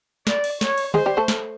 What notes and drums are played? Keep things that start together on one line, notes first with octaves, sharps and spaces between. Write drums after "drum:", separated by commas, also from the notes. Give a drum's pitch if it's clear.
D5, drum: snare
drum: cymbal
C#5, drum: snare
drum: cymbal
G#3 G#4 C5, drum: tom D3
G3 G4
A3 A4
drum: snare